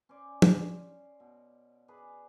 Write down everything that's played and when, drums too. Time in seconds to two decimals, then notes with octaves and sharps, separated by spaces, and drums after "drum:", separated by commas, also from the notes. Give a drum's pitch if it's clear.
0.09 C#4 C5 D5
0.42 drum: tom
1.20 B2
1.88 D4 G#4 B4